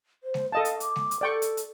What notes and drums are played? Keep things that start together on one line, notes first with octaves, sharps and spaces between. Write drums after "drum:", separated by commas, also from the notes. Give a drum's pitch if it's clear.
C5
drum: snare G#3
A4 D#5 F5 A5
drum: hi-hat
D6, drum: hi-hat
drum: snare G#3
drum: hi-hat
A4 D5 G5 C#6
drum: hi-hat
drum: hi-hat